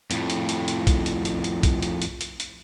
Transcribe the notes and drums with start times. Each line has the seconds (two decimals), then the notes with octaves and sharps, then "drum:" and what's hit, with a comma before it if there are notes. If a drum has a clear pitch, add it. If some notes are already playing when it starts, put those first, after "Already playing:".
0.11 F2 A2, drum: hi-hat
0.30 drum: hi-hat
0.49 drum: hi-hat
0.68 drum: hi-hat
0.87 drum: kick A#1, hi-hat
1.06 drum: hi-hat
1.25 drum: hi-hat
1.44 drum: hi-hat
1.63 drum: kick A#1, hi-hat
1.82 drum: hi-hat
2.02 drum: hi-hat
2.21 drum: hi-hat
2.40 drum: hi-hat